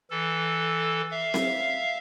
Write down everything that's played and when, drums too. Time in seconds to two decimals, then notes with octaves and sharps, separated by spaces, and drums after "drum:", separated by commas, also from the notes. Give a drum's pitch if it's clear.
0.11 E3 A4
1.11 E5 F5
1.34 drum: snare C4